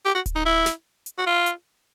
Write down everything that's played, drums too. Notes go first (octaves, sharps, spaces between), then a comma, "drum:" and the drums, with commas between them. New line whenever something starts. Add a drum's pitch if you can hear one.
G4
F#4
drum: kick D1, hi-hat
D#4
E4
drum: snare
drum: hi-hat
F#4
F4
drum: hi-hat